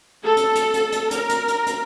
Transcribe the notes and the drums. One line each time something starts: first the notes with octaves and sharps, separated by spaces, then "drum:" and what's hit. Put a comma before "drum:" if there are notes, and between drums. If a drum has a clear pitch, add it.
A4
drum: hi-hat
drum: hi-hat
drum: hi-hat
drum: hi-hat
A#4, drum: hi-hat
drum: hi-hat
drum: hi-hat
drum: hi-hat